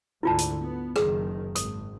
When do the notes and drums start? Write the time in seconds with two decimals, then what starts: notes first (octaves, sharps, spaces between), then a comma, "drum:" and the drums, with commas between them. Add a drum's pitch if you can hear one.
0.23 D2 G#2 D3 E4 F4 A5
0.38 drum: hi-hat
0.62 B3
0.96 F#1 D#3 G#4, drum: rim click
1.55 G#1 D#6, drum: hi-hat